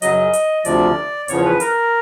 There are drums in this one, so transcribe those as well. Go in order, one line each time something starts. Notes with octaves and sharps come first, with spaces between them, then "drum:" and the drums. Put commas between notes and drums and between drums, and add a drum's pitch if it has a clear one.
F#2 C#3 F#3 D#5, drum: hi-hat
drum: hi-hat
D2 C3 F3 D5, drum: hi-hat
E2 C#3 F3 C#5, drum: hi-hat
B4
A#4, drum: hi-hat